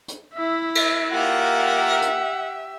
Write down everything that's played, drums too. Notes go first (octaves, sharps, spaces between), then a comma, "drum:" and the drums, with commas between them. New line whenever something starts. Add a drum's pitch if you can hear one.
drum: hi-hat
E4 E5
drum: cymbal
A#3 F4 G4 A#4 E5 F#5
drum: hi-hat